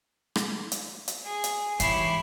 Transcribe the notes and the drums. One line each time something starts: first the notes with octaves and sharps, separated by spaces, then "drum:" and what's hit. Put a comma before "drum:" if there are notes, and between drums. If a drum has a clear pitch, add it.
drum: rim click
drum: hi-hat
drum: hi-hat
G#4
drum: hi-hat
G#2 E3 E4 G4 C#5 C7, drum: hi-hat